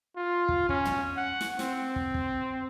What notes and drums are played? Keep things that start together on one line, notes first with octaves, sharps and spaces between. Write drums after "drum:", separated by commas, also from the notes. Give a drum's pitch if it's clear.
F4
drum: kick
C#4, drum: kick
drum: tom
F#5
drum: snare
C4, drum: snare
drum: kick
drum: kick